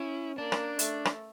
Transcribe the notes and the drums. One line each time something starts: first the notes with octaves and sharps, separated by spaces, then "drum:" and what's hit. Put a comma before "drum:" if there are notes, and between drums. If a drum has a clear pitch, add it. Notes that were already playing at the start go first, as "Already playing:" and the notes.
Already playing: C#4 E4
A#3 D4
drum: rim click
A3, drum: hi-hat
drum: rim click